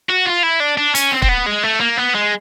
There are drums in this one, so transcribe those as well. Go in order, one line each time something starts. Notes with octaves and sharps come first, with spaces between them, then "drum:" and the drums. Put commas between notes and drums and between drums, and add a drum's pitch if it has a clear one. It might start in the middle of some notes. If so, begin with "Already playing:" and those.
F#4
F4
E4
D4
D4
C#4, drum: hi-hat
C4
C4, drum: kick
B3
G#3
A3
A#3
B3
G#3